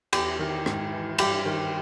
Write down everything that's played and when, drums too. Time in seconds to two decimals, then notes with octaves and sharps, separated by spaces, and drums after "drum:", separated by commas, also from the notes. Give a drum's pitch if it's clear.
0.13 E2 G4, drum: cymbal
0.39 D#3
0.66 G#2, drum: rim click
0.92 E3
1.18 G2 G4, drum: cymbal
1.46 D#3